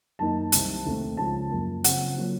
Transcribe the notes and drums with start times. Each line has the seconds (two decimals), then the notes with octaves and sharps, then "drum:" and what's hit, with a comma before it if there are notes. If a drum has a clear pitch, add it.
0.19 F#2 D#3 A#3 D#4 A5
0.52 C2 C3 D#3, drum: hi-hat
0.85 D#2 D#3 A3 C4 D#4
1.17 C#2 C#3 F3 A5
1.51 F#2 F3 A#3 F4
1.84 C#3 F3 C4 F4 F#5, drum: hi-hat
2.17 C#3 F#3 A#3 F4